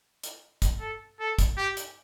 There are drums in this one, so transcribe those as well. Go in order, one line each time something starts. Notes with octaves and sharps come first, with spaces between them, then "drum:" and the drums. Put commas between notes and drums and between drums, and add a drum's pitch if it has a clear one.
drum: hi-hat
drum: kick, hi-hat
A4
A4
drum: kick, hi-hat
G4
drum: hi-hat